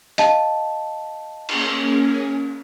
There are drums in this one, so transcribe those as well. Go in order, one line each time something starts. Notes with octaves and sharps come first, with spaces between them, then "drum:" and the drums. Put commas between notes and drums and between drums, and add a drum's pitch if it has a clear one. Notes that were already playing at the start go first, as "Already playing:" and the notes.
D#5 F5 A5, drum: hi-hat
A#3 C#4 G#4, drum: cymbal